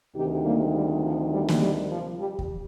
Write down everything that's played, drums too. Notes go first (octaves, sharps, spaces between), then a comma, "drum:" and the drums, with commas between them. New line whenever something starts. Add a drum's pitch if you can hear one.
D2 C3 D#3 D#4 G4
G3 A#3
G3
F3
G3
drum: snare A#3
G3
F3
G3
drum: kick D#2